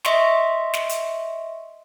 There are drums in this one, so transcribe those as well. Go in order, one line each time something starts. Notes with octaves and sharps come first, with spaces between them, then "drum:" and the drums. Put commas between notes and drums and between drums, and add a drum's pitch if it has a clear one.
D#5 E5 C6 C#6, drum: snare
drum: snare
drum: hi-hat